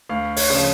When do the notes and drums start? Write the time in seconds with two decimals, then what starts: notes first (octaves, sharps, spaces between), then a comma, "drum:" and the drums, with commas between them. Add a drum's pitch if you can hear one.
0.09 D2 F5
0.37 C#5, drum: open hi-hat
0.50 C#3 F3